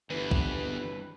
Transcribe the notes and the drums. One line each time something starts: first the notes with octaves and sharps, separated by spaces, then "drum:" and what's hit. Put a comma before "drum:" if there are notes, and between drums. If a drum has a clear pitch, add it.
G1 E2 G2 E3 B4
drum: kick